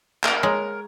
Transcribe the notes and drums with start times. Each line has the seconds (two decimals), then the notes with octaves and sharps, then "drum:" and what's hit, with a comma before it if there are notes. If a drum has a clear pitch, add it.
0.24 A#4, drum: clap
0.43 G#3 C#5 A#5